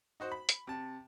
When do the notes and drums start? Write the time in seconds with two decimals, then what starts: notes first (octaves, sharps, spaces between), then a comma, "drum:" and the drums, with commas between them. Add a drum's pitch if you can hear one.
0.20 D#4 F#4 C5
0.32 B5
0.49 drum: hi-hat
0.67 C3 A5